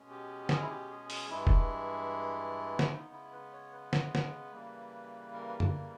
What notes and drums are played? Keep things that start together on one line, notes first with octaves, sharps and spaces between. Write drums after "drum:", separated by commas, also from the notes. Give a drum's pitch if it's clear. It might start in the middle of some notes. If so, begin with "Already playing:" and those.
Already playing: B2 G#3 C#4
G4
G#4, drum: snare
E4
G4
G#4
G#4, drum: open hi-hat
G2 E3 G#3 E4
drum: kick F1
drum: snare
C#3 G#3 B3 D#4
E4
B4
C#5
B4
drum: snare
drum: snare
C#3 E3 G3 A#3
A#4
B4
A#4, drum: tom F#2